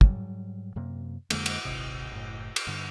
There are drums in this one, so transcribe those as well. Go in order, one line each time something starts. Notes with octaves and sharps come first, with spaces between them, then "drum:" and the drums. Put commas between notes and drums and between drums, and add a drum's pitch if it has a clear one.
G#2 F#3 G3, drum: kick
F#2 C3 A#3
F2 D3 G#3 A#3, drum: cymbal
drum: cymbal
D#1 G#1 C3
F#1 A2
drum: cymbal
G2 D3